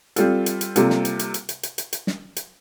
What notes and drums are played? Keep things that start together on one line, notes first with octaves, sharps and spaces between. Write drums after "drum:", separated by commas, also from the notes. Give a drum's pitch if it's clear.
G3 C4 F4 A4, drum: hi-hat
drum: hi-hat
drum: hi-hat
C3 G3 A#3 F4 A4, drum: hi-hat
drum: snare
drum: hi-hat
drum: hi-hat
drum: hi-hat
drum: hi-hat
drum: hi-hat
drum: hi-hat
drum: hi-hat
drum: snare
drum: hi-hat